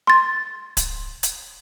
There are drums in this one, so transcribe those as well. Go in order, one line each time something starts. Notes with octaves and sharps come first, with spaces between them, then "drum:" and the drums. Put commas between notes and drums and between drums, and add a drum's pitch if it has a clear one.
C6 A6
drum: kick D1, hi-hat
drum: hi-hat